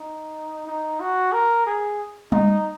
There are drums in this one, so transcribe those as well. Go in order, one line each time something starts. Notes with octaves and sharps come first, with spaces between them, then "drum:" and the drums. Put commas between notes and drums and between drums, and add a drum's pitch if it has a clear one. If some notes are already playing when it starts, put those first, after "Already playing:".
Already playing: D#4
D#4
F#4
A#4
G#4
D#4, drum: tom G3